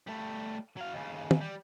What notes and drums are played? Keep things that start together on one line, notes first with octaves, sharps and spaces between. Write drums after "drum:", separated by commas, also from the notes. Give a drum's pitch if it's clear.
G3 A3
F#3 F5
D#2 C#3
drum: tom
G3